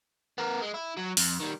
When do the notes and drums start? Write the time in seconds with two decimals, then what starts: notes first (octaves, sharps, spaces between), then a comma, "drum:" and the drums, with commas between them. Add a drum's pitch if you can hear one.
0.38 B3 A#4
0.62 G#3
0.74 E4
0.97 F#3
1.17 F2, drum: open hi-hat
1.40 D#3 G3